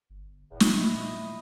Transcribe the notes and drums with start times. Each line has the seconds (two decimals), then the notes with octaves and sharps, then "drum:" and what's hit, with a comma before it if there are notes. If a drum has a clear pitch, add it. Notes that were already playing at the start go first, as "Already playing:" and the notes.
0.10 G1
0.51 E1 E2 A2
0.60 drum: snare
0.77 A#2 E4 D#5